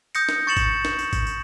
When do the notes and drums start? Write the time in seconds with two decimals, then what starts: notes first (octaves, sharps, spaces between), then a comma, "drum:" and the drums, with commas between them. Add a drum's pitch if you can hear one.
0.15 D#6 G6 A#6 C#7, drum: tambourine
0.29 drum: snare
0.47 C#6 A6 C#7 E7 F#7
0.57 drum: kick G#1, tambourine
0.85 drum: snare
0.99 drum: tambourine
1.13 drum: kick G#1, tambourine
1.27 drum: tambourine